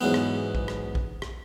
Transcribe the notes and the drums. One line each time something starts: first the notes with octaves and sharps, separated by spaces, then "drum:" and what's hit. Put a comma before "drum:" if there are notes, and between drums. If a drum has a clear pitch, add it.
E2 G#2 F#3 B3
drum: rim click
drum: kick A#1
drum: rim click
drum: kick A#1
drum: rim click